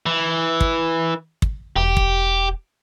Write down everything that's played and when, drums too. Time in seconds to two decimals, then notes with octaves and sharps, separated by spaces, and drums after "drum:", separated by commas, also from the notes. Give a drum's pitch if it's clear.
0.06 E3
0.60 drum: kick
1.42 drum: kick
1.76 E1 G4
1.97 drum: kick